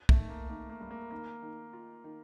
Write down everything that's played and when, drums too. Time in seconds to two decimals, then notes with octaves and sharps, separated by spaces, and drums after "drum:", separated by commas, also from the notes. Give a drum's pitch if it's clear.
0.09 A3, drum: kick
0.19 D#3
0.29 A#3
0.49 D#3 A#3
0.70 A#3
0.80 G2
0.91 A#3
1.11 D#3 A#3
1.42 D#3
1.73 F4
2.04 D#3